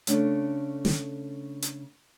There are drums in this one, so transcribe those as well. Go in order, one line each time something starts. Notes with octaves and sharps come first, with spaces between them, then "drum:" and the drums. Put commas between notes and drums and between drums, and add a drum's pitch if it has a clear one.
C#3 A3 D4, drum: hi-hat
drum: snare
drum: hi-hat